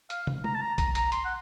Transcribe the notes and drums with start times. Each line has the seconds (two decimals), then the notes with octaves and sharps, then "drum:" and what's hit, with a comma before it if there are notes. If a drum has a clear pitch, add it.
0.10 F5, drum: hi-hat
0.27 drum: tom
0.44 A#5, drum: tom G#3
0.55 A5
0.61 A#5
0.78 A#5, drum: kick, hi-hat
0.95 A#5, drum: hi-hat
1.12 C6, drum: hi-hat
1.25 F#5